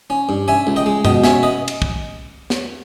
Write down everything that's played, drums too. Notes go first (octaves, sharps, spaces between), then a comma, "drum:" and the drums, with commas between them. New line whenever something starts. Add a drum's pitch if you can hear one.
C#4
G2
C#4 E5 G#5
C#2
D#5 G5
G#3
B2 D#5 G5, drum: tom F#2
C#4 C#5 E5, drum: snare
B4 D#5
drum: cymbal
drum: kick
drum: snare